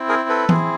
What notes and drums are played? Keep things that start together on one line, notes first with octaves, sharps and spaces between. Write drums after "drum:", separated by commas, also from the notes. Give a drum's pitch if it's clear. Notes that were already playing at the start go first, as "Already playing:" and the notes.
Already playing: C4 E4
G#4 A#4
A4 B4
C4 E4 G#4, drum: tom E3